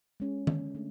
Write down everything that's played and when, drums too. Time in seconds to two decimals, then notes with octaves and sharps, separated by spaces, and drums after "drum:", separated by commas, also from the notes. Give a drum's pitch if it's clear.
0.20 G#3 C#4
0.47 D3, drum: tom D#3
0.75 A3 D4